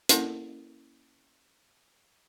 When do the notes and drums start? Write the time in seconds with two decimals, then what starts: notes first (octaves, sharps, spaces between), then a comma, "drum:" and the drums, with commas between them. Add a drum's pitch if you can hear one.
0.09 A#3 C#4 E4 A4 A#4, drum: hi-hat